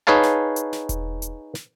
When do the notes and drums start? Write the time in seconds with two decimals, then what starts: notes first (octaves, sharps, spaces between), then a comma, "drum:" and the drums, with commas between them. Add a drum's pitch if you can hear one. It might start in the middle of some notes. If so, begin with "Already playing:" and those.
0.07 D#4 G#4 B4 C#5 F5 A5
0.23 drum: snare
0.56 drum: hi-hat
0.73 drum: snare
0.89 drum: kick E1, hi-hat
1.22 drum: hi-hat
1.55 drum: snare